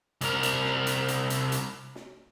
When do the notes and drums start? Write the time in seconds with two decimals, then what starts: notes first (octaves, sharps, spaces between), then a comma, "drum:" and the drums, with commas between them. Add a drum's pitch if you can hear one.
0.21 C2 A#4, drum: hi-hat
0.43 drum: hi-hat
0.65 drum: snare
0.87 drum: hi-hat
1.08 drum: hi-hat
1.30 drum: hi-hat
1.52 drum: hi-hat
1.95 drum: snare